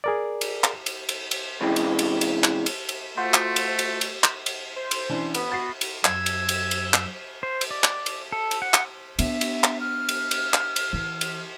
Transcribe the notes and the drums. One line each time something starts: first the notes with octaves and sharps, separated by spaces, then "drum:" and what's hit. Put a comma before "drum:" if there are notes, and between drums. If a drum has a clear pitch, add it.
G#4 A#4 D5
drum: cymbal
drum: clap
drum: cymbal
drum: cymbal
drum: cymbal
C3 E3 G#3 C#4
drum: cymbal
drum: cymbal
drum: cymbal
drum: clap
drum: cymbal
drum: cymbal
A3 F4 F#4 C5
drum: clap
drum: cymbal
drum: cymbal
drum: cymbal
drum: clap
drum: cymbal
C5
drum: cymbal
E3 C#4 D4
B3 B4, drum: cymbal
F#4 A6 C7
drum: cymbal
F#2 E6 G#6, drum: clap
drum: cymbal
drum: cymbal
drum: cymbal
drum: clap
C5
drum: cymbal
D5
drum: clap
drum: cymbal
A4
drum: cymbal
F#5
drum: clap
B3 D4 E5, drum: cymbal
drum: cymbal
drum: clap
F6
drum: cymbal
drum: cymbal
drum: clap
drum: cymbal
E3
drum: cymbal